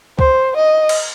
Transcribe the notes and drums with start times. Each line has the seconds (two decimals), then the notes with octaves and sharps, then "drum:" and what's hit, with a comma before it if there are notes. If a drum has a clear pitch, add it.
0.19 C5, drum: kick C#2
0.56 D#5
0.89 drum: cymbal